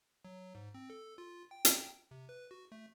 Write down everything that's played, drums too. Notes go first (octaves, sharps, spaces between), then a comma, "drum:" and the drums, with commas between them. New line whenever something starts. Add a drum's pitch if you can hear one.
F#3
G#2
C4
A4
F4
G5
drum: hi-hat
C3
B4
F#4
A3